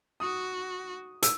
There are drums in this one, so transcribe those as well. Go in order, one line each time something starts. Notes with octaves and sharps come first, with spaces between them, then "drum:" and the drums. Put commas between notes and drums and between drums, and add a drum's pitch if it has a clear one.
F#4 D#6
E6, drum: hi-hat